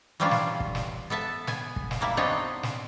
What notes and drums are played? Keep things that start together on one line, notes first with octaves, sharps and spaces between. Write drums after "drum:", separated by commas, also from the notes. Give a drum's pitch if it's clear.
E3 F#3 G3 C#4 D4 F4
drum: snare
drum: kick
drum: snare
B3 A4 E5 A5
B3 G#5, drum: snare
drum: kick
drum: snare
G3 A#3 E4
B3 C4 D4 D#4 C#5 D#5
drum: snare